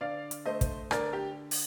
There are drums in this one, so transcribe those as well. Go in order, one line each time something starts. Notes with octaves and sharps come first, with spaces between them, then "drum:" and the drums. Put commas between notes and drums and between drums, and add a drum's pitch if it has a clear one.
D3 D5 F5
drum: hi-hat
A3 C5 D#5
drum: kick, hi-hat
D3 A#4 D5, drum: rim click
G4
drum: open hi-hat